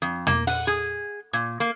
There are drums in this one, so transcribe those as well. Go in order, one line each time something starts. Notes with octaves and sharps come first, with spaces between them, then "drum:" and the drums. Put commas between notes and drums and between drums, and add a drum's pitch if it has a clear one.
F2
A#3, drum: tom
F#5, drum: open hi-hat
G#4
A#2
A#3